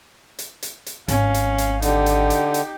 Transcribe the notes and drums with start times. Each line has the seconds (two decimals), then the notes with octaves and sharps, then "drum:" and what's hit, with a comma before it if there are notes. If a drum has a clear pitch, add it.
0.39 drum: hi-hat
0.63 drum: hi-hat
0.86 drum: hi-hat
1.08 G#1 C#4 F5, drum: hi-hat
1.34 drum: hi-hat
1.58 drum: hi-hat
1.82 D3 D#4 G4, drum: hi-hat
2.06 drum: hi-hat
2.30 drum: hi-hat
2.54 drum: hi-hat